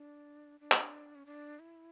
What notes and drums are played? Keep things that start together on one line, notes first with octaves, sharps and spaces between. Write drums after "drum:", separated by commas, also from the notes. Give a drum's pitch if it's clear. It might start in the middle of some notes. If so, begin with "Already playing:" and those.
Already playing: D4
D4
drum: clap
C#4
D4
E4